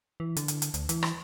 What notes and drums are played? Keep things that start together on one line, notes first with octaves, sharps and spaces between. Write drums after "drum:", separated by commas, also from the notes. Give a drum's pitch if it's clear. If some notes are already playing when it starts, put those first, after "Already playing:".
E3
D3, drum: hi-hat
drum: hi-hat
drum: hi-hat
D2, drum: hi-hat
E3, drum: hi-hat
drum: rim click